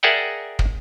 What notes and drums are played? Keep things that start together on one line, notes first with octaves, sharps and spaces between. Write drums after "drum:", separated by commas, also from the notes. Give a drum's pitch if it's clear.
G#4 A#4 D5 E5 F#5 G5
drum: kick